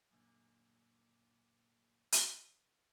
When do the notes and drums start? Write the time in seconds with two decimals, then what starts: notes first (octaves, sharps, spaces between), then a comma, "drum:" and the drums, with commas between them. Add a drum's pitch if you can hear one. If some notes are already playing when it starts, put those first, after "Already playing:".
0.10 F#2 A#2 D3
2.12 drum: hi-hat